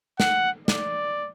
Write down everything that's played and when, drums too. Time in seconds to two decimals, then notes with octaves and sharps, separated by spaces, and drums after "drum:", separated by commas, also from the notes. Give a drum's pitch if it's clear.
0.20 F#5, drum: snare
0.68 D5, drum: snare